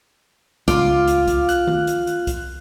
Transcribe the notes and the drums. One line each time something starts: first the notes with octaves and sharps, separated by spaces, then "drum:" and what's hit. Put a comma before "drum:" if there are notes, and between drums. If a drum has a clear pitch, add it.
C#2 F4 F5 D6, drum: kick C2, hi-hat
drum: hi-hat
drum: kick C2, hi-hat
F#6, drum: hi-hat
drum: tom D#3
drum: hi-hat
drum: hi-hat
drum: kick C2, hi-hat